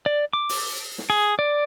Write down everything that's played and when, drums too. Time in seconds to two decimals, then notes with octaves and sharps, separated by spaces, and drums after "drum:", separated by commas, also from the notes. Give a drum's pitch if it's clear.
0.06 D5
0.33 D6
0.49 drum: open hi-hat
0.98 drum: snare
1.10 G#4
1.39 D5